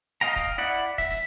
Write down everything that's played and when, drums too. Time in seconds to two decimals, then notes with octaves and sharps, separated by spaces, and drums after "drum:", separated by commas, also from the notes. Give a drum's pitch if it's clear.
0.21 D#5 F5 G5 A#5, drum: hi-hat
0.36 drum: kick, hi-hat
0.58 E4 D5 F#5
0.98 E5, drum: kick, hi-hat
1.10 drum: hi-hat